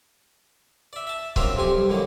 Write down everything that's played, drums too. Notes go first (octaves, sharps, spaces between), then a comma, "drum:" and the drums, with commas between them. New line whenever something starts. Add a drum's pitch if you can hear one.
D5 E5
E5 A5
F#3 C4 D4 F4 A#4 E5, drum: kick
F2 C3 F3 G4 G#5
G2
F#2 A2 D#3 A#3